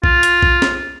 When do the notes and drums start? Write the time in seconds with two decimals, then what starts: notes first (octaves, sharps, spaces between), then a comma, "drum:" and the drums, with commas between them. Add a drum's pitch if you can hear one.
0.04 F4, drum: kick B1
0.23 drum: hi-hat
0.43 drum: kick B1
0.62 drum: snare